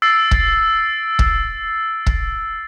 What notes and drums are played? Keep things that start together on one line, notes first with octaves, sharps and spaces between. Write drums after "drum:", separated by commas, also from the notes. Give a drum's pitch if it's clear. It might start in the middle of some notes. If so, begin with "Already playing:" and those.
E6 A6 C7 D7
drum: kick
drum: kick
drum: kick